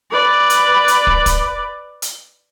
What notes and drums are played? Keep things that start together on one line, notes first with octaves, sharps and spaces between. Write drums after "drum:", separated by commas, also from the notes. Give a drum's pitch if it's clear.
B4 D5
drum: hi-hat
drum: hi-hat
drum: kick
drum: kick, hi-hat
drum: hi-hat